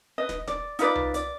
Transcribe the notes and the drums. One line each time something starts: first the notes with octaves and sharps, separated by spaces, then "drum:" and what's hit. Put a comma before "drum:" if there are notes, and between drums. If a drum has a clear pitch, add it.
B4 D#5
drum: snare
D5, drum: snare
D#4 F4 B4 D5, drum: hi-hat
drum: tom C2
D5, drum: hi-hat